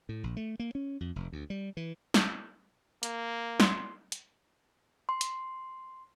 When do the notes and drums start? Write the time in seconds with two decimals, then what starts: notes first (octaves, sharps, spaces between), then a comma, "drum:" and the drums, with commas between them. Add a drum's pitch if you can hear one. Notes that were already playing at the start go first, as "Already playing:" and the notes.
0.09 A2
0.24 A#1
0.37 A3
0.59 A#3
0.75 C#4
1.00 F2
1.16 F1
1.32 D2
1.50 G3
1.77 E3
2.14 drum: snare
3.03 A#3, drum: hi-hat
3.60 C6, drum: snare
4.12 drum: hi-hat
5.09 C6
5.21 drum: hi-hat